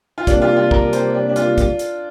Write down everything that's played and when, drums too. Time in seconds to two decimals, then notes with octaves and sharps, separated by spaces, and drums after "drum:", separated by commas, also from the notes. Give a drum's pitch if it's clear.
0.18 F4
0.27 C3 G3 A#3 D4 G4, drum: kick, hi-hat
0.42 F4
0.57 F4
0.71 A#4, drum: kick
0.93 C5, drum: hi-hat
1.14 D4
1.29 D4
1.36 F4, drum: hi-hat
1.58 drum: kick, hi-hat
1.79 drum: hi-hat